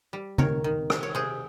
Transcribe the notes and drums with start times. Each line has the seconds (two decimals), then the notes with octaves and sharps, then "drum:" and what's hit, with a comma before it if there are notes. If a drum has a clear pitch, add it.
0.13 G3
0.38 D#3 A#4 C#5, drum: tom C#3
0.64 D#3
0.90 C3, drum: rim click
1.03 C#5
1.15 C3 G#4 C5